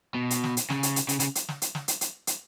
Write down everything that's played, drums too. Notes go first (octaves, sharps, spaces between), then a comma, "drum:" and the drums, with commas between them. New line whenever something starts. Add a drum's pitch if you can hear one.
B2
drum: hi-hat
drum: snare
drum: hi-hat
C#3, drum: snare
drum: hi-hat
drum: hi-hat
C#3, drum: hi-hat
C#3, drum: hi-hat
drum: hi-hat
drum: snare
drum: hi-hat
drum: snare
drum: hi-hat
drum: hi-hat
drum: hi-hat